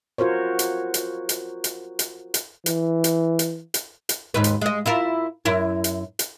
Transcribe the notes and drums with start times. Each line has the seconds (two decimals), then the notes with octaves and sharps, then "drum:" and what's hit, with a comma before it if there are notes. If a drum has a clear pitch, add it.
0.18 F4 F#4 A#4 C5 C#5
0.59 drum: hi-hat
0.94 drum: hi-hat
1.29 drum: hi-hat
1.64 drum: hi-hat
1.99 drum: hi-hat
2.34 drum: hi-hat
2.66 E3, drum: hi-hat
3.04 drum: hi-hat
3.39 drum: hi-hat
3.74 drum: hi-hat
4.09 drum: hi-hat
4.34 D#2 G#2 B4
4.44 drum: hi-hat
4.61 G#3 D#5
4.86 E4 F4 A#4
5.45 F#2 E4 A#4
5.84 drum: hi-hat
6.19 drum: hi-hat